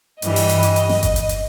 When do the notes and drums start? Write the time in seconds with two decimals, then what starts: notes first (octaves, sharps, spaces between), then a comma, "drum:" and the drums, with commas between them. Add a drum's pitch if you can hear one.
0.22 G2 E3 G3 D#5, drum: hi-hat
0.36 drum: open hi-hat
0.49 drum: hi-hat
0.63 drum: hi-hat
0.76 drum: hi-hat
0.89 drum: snare
1.03 drum: kick G1, hi-hat
1.16 drum: hi-hat
1.29 drum: hi-hat